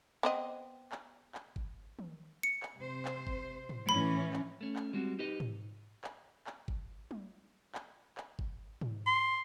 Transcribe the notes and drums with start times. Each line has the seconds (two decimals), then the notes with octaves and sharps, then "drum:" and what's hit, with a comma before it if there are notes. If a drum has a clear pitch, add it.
0.23 B3 C4 D#5
0.92 drum: clap
1.35 drum: clap
1.56 drum: kick G1
1.99 drum: tom D#3
2.43 C#7
2.63 drum: clap
2.77 C3 C5
3.05 drum: clap
3.27 drum: kick G1
3.69 drum: tom
3.89 A2 E3 C#4 B5
4.33 drum: clap
4.61 A3 C#4
4.76 drum: clap
4.93 G3 G#3 C4 F#4
5.19 D#4 G4 B4 D#5
5.40 drum: tom G#2
6.04 drum: clap
6.47 drum: clap
6.68 drum: kick G1
7.11 drum: tom
7.75 drum: clap
8.17 drum: clap
8.39 drum: kick G1
8.81 drum: tom G#2
9.07 C6